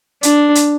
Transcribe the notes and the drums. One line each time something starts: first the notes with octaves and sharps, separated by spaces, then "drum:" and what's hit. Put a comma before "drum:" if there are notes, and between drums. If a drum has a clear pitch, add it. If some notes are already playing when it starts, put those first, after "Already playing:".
D4, drum: hi-hat
drum: hi-hat